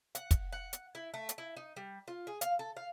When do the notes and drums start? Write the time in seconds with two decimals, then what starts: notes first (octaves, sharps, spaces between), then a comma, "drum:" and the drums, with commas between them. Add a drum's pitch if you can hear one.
0.15 F#5, drum: hi-hat
0.31 drum: kick, hi-hat
0.52 F#5
0.73 drum: hi-hat
0.95 E4
1.14 A3
1.29 drum: hi-hat
1.38 E4
1.57 D#4
1.76 G3
2.08 F4
2.27 G#4
2.41 F5, drum: hi-hat
2.59 A4
2.77 F5